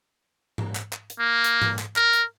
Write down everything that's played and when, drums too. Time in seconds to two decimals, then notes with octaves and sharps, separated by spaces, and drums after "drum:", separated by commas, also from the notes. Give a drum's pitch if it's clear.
0.58 drum: tom G#2
0.75 drum: clap
0.93 drum: clap
1.10 drum: hi-hat
1.19 A#3
1.44 drum: hi-hat
1.62 drum: tom G#2
1.79 drum: clap
1.96 A#4, drum: clap
2.13 drum: hi-hat